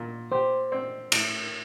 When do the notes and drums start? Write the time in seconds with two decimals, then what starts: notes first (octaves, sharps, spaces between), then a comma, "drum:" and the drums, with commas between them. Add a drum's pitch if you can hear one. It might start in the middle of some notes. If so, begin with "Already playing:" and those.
Already playing: A#2
0.32 G4 C5
0.72 C4
1.12 A2, drum: cymbal